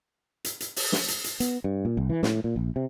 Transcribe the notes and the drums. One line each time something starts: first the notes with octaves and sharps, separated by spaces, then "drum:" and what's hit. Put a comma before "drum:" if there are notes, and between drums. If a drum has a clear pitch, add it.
drum: hi-hat
drum: hi-hat
drum: open hi-hat
drum: snare
drum: hi-hat
drum: hi-hat
B3, drum: hi-hat
G2
A#2
C2
E3
A2, drum: snare
A#2
A#1
C3